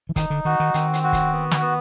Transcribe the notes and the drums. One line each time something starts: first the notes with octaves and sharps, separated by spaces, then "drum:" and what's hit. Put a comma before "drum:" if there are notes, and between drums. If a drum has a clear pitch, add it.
E3
D#3 D#4, drum: kick, hi-hat
D3
D#3 F#4
D#3
D#3 C4, drum: hi-hat
drum: hi-hat
F#4
drum: kick, hi-hat
B3
drum: snare
B3